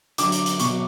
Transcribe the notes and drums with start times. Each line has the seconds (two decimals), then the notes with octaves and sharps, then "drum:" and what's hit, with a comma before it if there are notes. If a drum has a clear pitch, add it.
0.18 D3 F#3 D6, drum: hi-hat
0.32 drum: hi-hat
0.46 drum: hi-hat
0.60 B2 F#3 C#6, drum: hi-hat